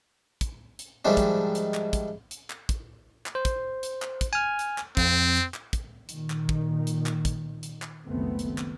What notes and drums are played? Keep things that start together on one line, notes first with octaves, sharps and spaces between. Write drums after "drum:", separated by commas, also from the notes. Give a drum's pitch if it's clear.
drum: kick, hi-hat
drum: hi-hat
G#2 D#3 F3 G3 A3 D4
drum: kick, hi-hat
drum: hi-hat
drum: clap
drum: kick, hi-hat
drum: hi-hat
drum: clap
drum: kick, hi-hat
drum: clap
C5
drum: kick, hi-hat
drum: hi-hat
drum: clap
drum: kick, hi-hat
G#5 F6
drum: hi-hat
drum: clap
F2 C4, drum: kick, hi-hat
drum: hi-hat
drum: clap
drum: kick, hi-hat
A#2 D#3, drum: hi-hat
drum: clap
drum: kick
drum: hi-hat
drum: clap
drum: kick, hi-hat
drum: hi-hat
drum: clap
F#1 C#2 D#3 A3 B3 C4
drum: hi-hat
drum: clap